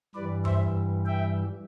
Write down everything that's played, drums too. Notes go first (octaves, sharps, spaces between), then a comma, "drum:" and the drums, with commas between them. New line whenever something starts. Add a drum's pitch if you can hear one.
G2 E3 G3 B4 D5
C5 E5, drum: tom F#2
E5 G5